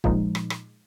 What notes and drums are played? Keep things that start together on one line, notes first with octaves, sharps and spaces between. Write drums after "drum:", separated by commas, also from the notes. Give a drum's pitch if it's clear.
A#2 F3 G#3 D#4, drum: kick
drum: rim click
drum: rim click